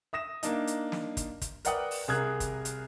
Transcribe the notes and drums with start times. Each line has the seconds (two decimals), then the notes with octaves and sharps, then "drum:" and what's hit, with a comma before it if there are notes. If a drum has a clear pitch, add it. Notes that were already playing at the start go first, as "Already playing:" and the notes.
0.13 E5 D#6 A#6 E7
0.43 A#3 D4 D#4, drum: hi-hat
0.67 drum: hi-hat
0.92 drum: snare
1.17 drum: kick G1, hi-hat
1.41 drum: kick G1, hi-hat
1.65 A#4 B4 D5 F#5 G5 D#6, drum: hi-hat
1.91 drum: open hi-hat
2.08 C2 G#4 A#4 D#6 F#6 G#6
2.40 drum: kick G1, hi-hat
2.65 drum: hi-hat